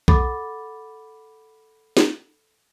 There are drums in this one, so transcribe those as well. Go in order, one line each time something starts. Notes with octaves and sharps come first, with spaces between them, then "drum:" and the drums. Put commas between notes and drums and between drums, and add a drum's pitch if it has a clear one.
A4 F#5 B5 D6 A6, drum: kick A#1
drum: snare